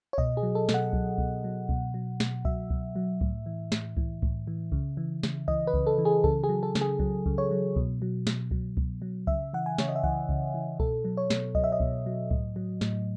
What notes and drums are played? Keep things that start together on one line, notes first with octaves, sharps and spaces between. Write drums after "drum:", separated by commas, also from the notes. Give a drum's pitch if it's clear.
C#5
B2 D#5, drum: kick C2
G#4
F#3
A4
B2, drum: snare
F#5
F#3, drum: kick C2
B2, drum: kick C2
F#3
B2, drum: kick C2
F#3
B2, drum: snare
F#3 E5, drum: kick C2
B2, drum: kick C2
F#3
A2, drum: kick C2
E3
A2, drum: snare
E3, drum: kick C2
A2, drum: kick C2
E3
C#3, drum: kick C2
E3
C#3, drum: snare
E3 D#5, drum: kick C2
B4
C#3, drum: kick C2
A4
E3
G#4
C#3 A4, drum: kick C2
G#4
F#3
A4
C#3, drum: snare
G#4
F#3, drum: kick C2
C#3, drum: kick C2
C#5
F#3
B2, drum: kick C2
F#3
B2, drum: snare
F#3, drum: kick C2
B2, drum: kick C2
F#3
C#3 E5, drum: kick C2
E3 F#5
G#5
C#3 C#5, drum: snare
D#5
E5
E3 F#5, drum: kick C2
C#3, drum: kick C2
E3
B2 A4, drum: kick C2
F#3
C#5
B2, drum: snare
F#3 D#5, drum: kick C2
E5
D#5
B2, drum: kick C2
F#3
A2, drum: kick C2
F#3
A2, drum: snare